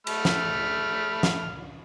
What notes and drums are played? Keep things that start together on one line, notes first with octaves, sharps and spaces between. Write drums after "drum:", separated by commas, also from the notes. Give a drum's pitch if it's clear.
A3 B5 F6, drum: cymbal
drum: snare
drum: snare